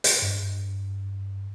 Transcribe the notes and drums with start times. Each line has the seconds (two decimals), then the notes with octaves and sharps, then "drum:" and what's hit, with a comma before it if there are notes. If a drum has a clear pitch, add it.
0.04 drum: hi-hat
0.22 G2